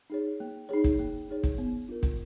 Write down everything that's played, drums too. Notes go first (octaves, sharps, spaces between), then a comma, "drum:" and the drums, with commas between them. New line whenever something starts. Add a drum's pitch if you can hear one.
D#4 G#4 C#5
A#3
D#4 G#4 C#5
drum: kick
A#3
D#4 G#4 C#5
drum: kick
B3
D4 F4 A#4
drum: kick